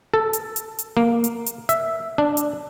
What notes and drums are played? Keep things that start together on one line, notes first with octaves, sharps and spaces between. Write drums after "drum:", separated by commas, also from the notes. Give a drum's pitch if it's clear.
A4
drum: hi-hat
drum: hi-hat
drum: hi-hat
A#3
drum: hi-hat
drum: hi-hat
E5, drum: hi-hat
D4
drum: hi-hat